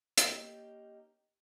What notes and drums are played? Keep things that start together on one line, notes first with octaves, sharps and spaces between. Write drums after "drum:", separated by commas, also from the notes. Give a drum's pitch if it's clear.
A#3 C#4 D#4 G4, drum: hi-hat